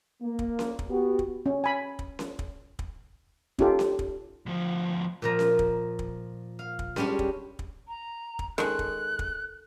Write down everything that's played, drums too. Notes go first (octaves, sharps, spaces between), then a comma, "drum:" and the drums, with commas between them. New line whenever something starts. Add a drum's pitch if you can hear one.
A#3
drum: kick
drum: snare C#4
drum: kick
B3 F#4 G4
drum: kick
C#4
G#5 B5
drum: kick
drum: snare C#4
drum: kick
drum: kick
C#4 D#4 F4 G4 A4, drum: kick
drum: snare C#4
drum: kick
D2 F3
A#2 F3 A#5
drum: snare C#4
drum: kick
drum: kick
F5
drum: kick
G3 G#3 C#4 D4 G4, drum: snare C#4
drum: kick
drum: kick
A#5
drum: kick
D#3 G#3 A4 F#6, drum: snare C#4
drum: kick
drum: kick